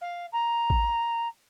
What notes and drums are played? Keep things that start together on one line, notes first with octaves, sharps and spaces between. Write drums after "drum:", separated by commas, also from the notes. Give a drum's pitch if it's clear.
F5
A#5
drum: kick A1